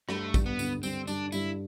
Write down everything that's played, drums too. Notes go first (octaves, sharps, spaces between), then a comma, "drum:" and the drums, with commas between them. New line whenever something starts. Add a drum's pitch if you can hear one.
G2 A3, drum: rim click
G2, drum: kick A1, tambourine
B3
D3, drum: tambourine
G2 C4, drum: tambourine
G2 D4, drum: tambourine
G2 E4, drum: tambourine